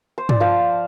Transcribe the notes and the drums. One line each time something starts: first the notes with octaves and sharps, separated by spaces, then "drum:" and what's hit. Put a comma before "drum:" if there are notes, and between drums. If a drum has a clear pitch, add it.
C5
D5, drum: tom
F3 C5 F5